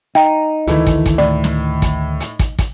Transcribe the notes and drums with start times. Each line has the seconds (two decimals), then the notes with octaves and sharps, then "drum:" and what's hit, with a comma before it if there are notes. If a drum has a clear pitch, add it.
0.15 D#4 G5
0.67 D2 D#3 E3 A3 E4, drum: hi-hat
0.87 drum: kick, hi-hat
1.06 drum: kick, hi-hat
1.18 A2 D5
1.44 drum: snare
1.82 drum: kick, hi-hat
2.20 drum: hi-hat
2.39 drum: kick, hi-hat
2.59 drum: kick, hi-hat